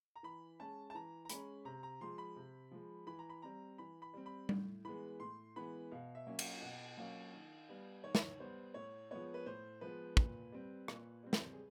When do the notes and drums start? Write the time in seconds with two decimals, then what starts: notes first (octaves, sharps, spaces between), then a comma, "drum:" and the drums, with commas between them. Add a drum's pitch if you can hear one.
0.16 A#5
0.23 E3 B5
0.59 G#3 C#4 A5
0.90 A5
0.95 E3 A#5
1.25 A#5
1.30 G#3 C#4 B5, drum: hi-hat
1.65 C3 A#5
1.83 A#5
2.01 F3 G#3 C6
2.18 B5
2.36 C3
2.71 F3 G#3
3.07 E3 B5
3.19 A#5
3.29 B5
3.42 G3 C4 A#5
3.78 E3 B5
4.02 B5
4.13 G3 C4
4.26 B5
4.49 A2, drum: tom G3
4.85 E3 G#3 B3 B5
5.20 A2 C6
5.56 E3 G#3 B3 B5
5.92 B2 F5
6.15 E5
6.27 F#3 A#3 C#4
6.39 F5, drum: cymbal
6.62 B2 F#5
6.97 F#3 A#3 C#4 F5
7.34 D#3
7.69 G3 B3
8.04 D#3 C#5
8.15 drum: snare
8.39 G3 B3 C5
8.74 A2 C#5
9.11 F3 G#3 B3 C#5
9.34 B4
9.46 A2 C5
9.81 F3 G#3 B3 B4
10.17 A#2, drum: kick
10.52 G3 C4
10.88 A#2, drum: rim click
11.23 G3 C4
11.33 drum: snare
11.52 G#4